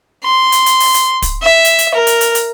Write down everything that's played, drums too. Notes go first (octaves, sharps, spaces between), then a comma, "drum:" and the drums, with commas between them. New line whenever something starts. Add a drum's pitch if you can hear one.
C6
drum: hi-hat
drum: hi-hat
drum: open hi-hat
drum: hi-hat
drum: kick, hi-hat
E5
drum: hi-hat
drum: hi-hat
A#4
drum: hi-hat
drum: hi-hat
drum: hi-hat